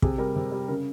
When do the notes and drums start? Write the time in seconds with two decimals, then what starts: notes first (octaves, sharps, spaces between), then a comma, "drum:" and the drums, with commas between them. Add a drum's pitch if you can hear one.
0.02 C3 G#4, drum: kick
0.18 G3 A#4
0.36 C3
0.52 G3
0.68 C#3 A#4